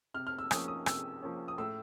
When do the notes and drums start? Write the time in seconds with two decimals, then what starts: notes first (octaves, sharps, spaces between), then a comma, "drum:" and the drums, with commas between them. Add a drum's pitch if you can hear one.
0.14 C3 F6
0.27 F6
0.39 E6
0.51 F3 A#3 C#4 D#6, drum: rim click
0.68 D#6
0.86 C3 E6, drum: rim click
1.22 F3 A#3 C#4
1.48 D#6
1.58 A2 E6